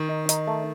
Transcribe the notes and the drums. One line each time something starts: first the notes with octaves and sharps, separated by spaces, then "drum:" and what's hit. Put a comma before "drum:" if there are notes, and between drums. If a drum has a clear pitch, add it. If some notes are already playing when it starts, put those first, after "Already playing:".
Already playing: D#3
D#4
D#4, drum: hi-hat
A3